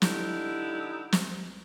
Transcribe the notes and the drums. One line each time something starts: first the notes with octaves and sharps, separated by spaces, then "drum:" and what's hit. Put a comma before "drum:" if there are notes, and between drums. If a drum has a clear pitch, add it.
D3 D#4 E4 G4, drum: snare
drum: snare